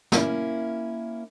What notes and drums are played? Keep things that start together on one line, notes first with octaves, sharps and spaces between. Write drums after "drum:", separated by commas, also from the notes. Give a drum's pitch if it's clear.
A#3 C#4 E4, drum: snare